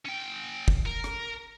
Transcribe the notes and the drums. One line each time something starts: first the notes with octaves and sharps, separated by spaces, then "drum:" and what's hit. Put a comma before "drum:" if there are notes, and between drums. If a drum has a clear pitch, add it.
C#4 G5
drum: kick
A#4
drum: rim click